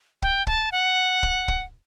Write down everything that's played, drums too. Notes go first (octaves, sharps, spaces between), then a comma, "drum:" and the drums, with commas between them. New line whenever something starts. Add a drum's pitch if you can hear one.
G5, drum: kick
A5, drum: kick
F#5
drum: kick
drum: kick